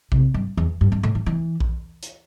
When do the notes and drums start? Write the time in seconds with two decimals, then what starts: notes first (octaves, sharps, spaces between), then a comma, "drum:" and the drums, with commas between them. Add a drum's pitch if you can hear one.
0.12 C3, drum: kick A#1
0.34 G2
0.57 E2
0.81 G2
0.92 G2
1.03 A2
1.15 E3
1.26 E3
1.60 drum: kick A#1
2.03 drum: hi-hat